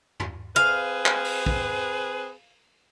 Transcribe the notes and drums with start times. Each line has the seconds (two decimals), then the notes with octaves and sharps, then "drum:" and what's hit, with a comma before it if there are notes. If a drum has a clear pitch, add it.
0.20 drum: tom
0.56 C4 G#4 B4 F5
1.06 drum: clap
1.24 drum: open hi-hat
1.46 drum: kick